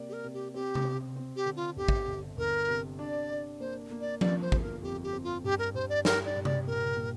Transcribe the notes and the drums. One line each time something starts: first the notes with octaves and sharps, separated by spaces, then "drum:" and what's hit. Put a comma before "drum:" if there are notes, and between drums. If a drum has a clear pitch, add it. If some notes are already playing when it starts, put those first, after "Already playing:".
Already playing: C3 A#3 D5
G4
A#4
C3
G4
C4 G4
drum: tom C3
C4
C4
G4
D3
F4
G1 G4
drum: kick
G1
G1 A#4
C3
D4 D5
D4
A#3 C5
A#3
D5
F3 D5, drum: tom F3
C5
G1, drum: kick
A#4
F2 G4
G4
C4
F4
G2 G4
A#4
G2 C5
D5
G3 A#4, drum: snare
D5
G2
D5, drum: tom C3
A#1 A#4
A#2